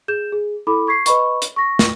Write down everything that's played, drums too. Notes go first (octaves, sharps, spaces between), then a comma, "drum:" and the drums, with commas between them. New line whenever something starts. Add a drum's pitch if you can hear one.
G#4 G6 E7
G#4
E4 A4 B5 D6
C#6 G#6 B6 C7
B4 D#5 B5 C#6, drum: hi-hat
drum: hi-hat
C#6 A#6
drum: snare